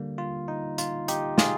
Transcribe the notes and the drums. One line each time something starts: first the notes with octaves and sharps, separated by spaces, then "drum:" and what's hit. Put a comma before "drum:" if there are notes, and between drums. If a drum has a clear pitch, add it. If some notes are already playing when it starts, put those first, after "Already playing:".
Already playing: D3 G3 A#3
F4
D#4
F4, drum: hi-hat
D#4 G4, drum: hi-hat
F4 G#4, drum: snare